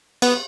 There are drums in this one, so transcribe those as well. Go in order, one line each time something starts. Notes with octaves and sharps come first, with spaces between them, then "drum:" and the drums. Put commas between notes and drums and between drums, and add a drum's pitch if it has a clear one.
B3, drum: cymbal